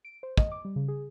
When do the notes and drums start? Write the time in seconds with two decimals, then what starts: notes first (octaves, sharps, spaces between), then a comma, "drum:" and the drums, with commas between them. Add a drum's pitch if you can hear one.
0.05 D7
0.23 C5
0.37 D#5, drum: kick
0.52 D6
0.65 G3
0.76 C#3
0.88 G#4